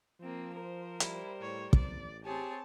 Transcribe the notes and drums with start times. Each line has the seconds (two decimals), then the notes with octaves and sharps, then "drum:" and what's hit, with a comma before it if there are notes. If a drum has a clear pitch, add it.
0.21 F3 A#3 C4
0.55 A#4 C5
1.00 G3 E4, drum: hi-hat
1.41 A2 C#5
1.73 A1 D5, drum: kick
2.25 C4 G4 G#4 C#5 A5